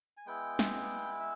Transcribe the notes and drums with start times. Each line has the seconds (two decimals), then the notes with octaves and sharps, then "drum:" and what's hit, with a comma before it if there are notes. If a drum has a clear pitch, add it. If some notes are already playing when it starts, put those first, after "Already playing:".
0.17 G#5
0.26 G#3 B3 E4 G5
0.59 drum: snare
1.20 E5